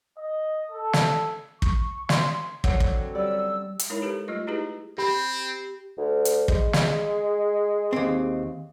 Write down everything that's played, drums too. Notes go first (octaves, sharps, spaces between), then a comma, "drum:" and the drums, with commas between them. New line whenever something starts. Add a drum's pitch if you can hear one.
D#5
A4
drum: snare
C#6, drum: kick
C6, drum: snare
D3 F#3 C4 C#5 F#5, drum: kick
drum: kick
G3 C#4 D5 E6
drum: hi-hat
G#3 D#4 E4 A#4 C#5 B5
G4 A4 B4
G3 A3 F4 D#5
D#4 E4 G4 G#4 B4 D#5
C4 G4 B5
D2
drum: hi-hat
G#3, drum: kick
drum: snare
D#2 G#2 C4